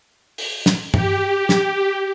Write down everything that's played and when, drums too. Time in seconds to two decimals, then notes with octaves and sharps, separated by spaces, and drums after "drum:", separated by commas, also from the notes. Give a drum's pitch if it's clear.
0.38 drum: open hi-hat
0.66 drum: snare
0.94 G4, drum: tom G2
1.49 drum: snare